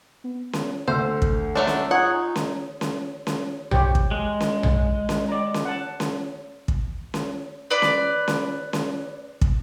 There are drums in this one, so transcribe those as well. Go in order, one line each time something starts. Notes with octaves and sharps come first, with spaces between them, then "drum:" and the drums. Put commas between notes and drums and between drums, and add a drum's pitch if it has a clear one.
B3
drum: snare C#4
D2 A4 C5 C6 E6
drum: kick
F#3 A3 D4
drum: snare C#4
D#4 F4 G#4 C#5 F#5
D#4
drum: snare C#4
drum: snare C#4
drum: snare C#4
G4 C5 C#5, drum: tom B1
drum: kick
G#3
drum: snare C#4
drum: tom B1
drum: snare C#4
D5 A#5
drum: snare C#4
F#5 A5
drum: snare C#4
drum: kick
drum: snare C#4
B4 D5
drum: snare C#4
drum: snare C#4
drum: snare C#4
drum: kick